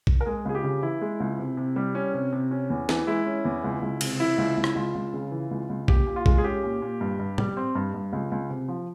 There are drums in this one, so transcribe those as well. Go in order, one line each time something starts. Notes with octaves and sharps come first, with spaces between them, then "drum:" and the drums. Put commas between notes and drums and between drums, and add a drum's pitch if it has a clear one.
drum: kick B1
A#4
G#3 G#4
C#2 G#4
G4
C#3
E3 E4
G#3
C#2
C3
C3
G3
C#4
C3
C3
C#4
E2
E3, drum: snare
G#3 E4
C#4
E2
C#2
C#2
C3, drum: cymbal
E3 E4
C#2
C#2
E4, drum: rim click
C#2 F4
C#2
C#3
E3
C#2
C#2
A#2 G4, drum: kick B1
A#2
F4
G#3, drum: kick B1
G#4
C#4 G4
A#2
A#2
G2
G2
G3, drum: tom A2
C4
G2
G2
C#2
C#2
C3
F3